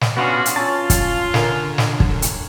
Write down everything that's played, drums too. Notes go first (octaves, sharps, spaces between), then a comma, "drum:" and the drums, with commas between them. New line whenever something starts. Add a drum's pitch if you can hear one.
drum: snare
B3 C#4 D4 F4 F#4 G#4
drum: hi-hat
C#4 F4 G#5 A5 E6
drum: kick, hi-hat
D3 A#4 G#5, drum: snare
drum: snare
drum: kick
drum: hi-hat